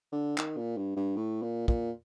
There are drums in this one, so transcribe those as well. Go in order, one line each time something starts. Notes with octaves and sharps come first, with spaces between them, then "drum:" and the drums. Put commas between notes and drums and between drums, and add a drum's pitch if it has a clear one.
D3
D#3, drum: clap
A#2
G2
G2
A2
A#2
A#2, drum: kick